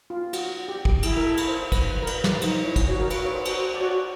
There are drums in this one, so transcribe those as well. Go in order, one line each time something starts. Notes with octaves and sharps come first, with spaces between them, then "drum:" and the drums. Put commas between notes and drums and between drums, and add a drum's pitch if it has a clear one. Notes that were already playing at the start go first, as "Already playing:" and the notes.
F4
F#4, drum: cymbal
G4
drum: kick
E4 G#4, drum: cymbal
A#4
A4
drum: cymbal
C5
B4, drum: kick, cymbal
A#4
B4, drum: cymbal
drum: snare
D#4 C5, drum: cymbal
E4 C#5
drum: kick, cymbal
F#4 C#5
A#4
F#4 B4, drum: cymbal
C#5
C5
F#4, drum: cymbal
C5
D5
F#4 C#5